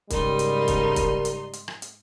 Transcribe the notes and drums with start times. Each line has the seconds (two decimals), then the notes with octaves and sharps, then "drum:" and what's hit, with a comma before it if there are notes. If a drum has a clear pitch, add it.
0.10 G#2 C#3 G3 D#4 A#4 C6, drum: kick, hi-hat
0.39 drum: hi-hat
0.68 drum: kick, hi-hat
0.96 drum: kick, hi-hat
1.25 drum: hi-hat
1.53 drum: hi-hat
1.68 drum: rim click
1.82 drum: hi-hat